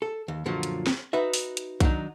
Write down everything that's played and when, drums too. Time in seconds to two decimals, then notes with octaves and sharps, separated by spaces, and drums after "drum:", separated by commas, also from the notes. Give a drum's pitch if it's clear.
0.02 A4
0.28 D#2
0.46 F#2 A#2 D3 F3 F#3
0.63 drum: hi-hat
0.87 drum: snare
1.13 D#4 F#4 B4 E5
1.34 drum: open hi-hat
1.57 drum: hi-hat
1.80 D#3 F#3 D4 D#4, drum: kick B1, hi-hat